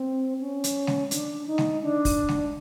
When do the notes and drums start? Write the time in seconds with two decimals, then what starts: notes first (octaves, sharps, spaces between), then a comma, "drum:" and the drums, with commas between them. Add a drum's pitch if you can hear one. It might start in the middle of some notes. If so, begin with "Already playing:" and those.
Already playing: C4
0.40 C#4
0.64 drum: hi-hat
0.87 drum: snare G#3
1.11 D4, drum: hi-hat
1.46 D#4
1.58 drum: snare G#3
1.82 D4
2.05 drum: kick, open hi-hat
2.29 drum: snare G#3